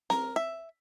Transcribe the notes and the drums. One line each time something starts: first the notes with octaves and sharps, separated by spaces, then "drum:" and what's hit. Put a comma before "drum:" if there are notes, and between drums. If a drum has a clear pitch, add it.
A#4, drum: snare C4
E5